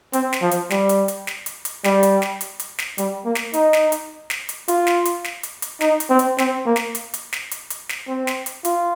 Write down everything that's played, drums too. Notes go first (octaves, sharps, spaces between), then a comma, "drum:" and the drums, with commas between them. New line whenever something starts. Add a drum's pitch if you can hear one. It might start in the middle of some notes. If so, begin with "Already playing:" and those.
C4, drum: hi-hat
drum: snare
F3
drum: hi-hat
G3, drum: snare
drum: hi-hat
drum: hi-hat
drum: snare
drum: hi-hat
drum: hi-hat
G3, drum: snare
drum: hi-hat
drum: snare
drum: hi-hat
drum: hi-hat
drum: snare
G3, drum: hi-hat
A#3
drum: snare
D#4, drum: hi-hat
drum: snare
drum: hi-hat
drum: snare
drum: hi-hat
F4, drum: hi-hat
drum: snare
drum: hi-hat
drum: snare
drum: hi-hat
drum: hi-hat
D#4, drum: snare
drum: hi-hat
C4
drum: hi-hat
C4, drum: snare
A#3
drum: snare
drum: hi-hat
drum: hi-hat
drum: snare
drum: hi-hat
drum: hi-hat
drum: snare
C4
drum: snare
drum: hi-hat
F4, drum: hi-hat